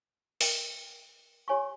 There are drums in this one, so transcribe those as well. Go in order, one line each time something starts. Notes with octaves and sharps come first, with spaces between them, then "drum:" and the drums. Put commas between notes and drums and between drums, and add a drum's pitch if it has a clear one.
A#4 D#5 G5, drum: open hi-hat
G4 C#5 G#5 C#6